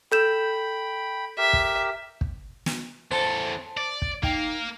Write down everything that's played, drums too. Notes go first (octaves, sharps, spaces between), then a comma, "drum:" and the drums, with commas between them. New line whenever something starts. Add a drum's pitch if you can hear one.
A4 G5 B5 G6 E7
G4 A#4 E5
drum: kick
drum: kick
drum: snare
E2 A4 C5 A5
D5
drum: kick
A#3 D#4 G5, drum: kick